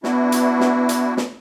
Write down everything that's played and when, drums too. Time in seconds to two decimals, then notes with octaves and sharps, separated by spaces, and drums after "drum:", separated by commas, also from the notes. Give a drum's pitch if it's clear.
0.04 B3 D4 E4 F#4, drum: snare
0.32 drum: hi-hat
0.60 drum: snare
0.89 drum: hi-hat
1.17 drum: snare